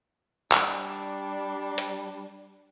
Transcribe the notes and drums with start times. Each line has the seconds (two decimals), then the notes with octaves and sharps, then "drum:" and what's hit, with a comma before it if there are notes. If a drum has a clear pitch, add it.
0.52 G3 D4, drum: clap
1.78 drum: hi-hat